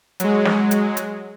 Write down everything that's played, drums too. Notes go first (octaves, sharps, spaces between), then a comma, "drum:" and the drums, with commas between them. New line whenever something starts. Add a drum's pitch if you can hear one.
F#3 G#3, drum: hi-hat
drum: snare
drum: hi-hat
drum: hi-hat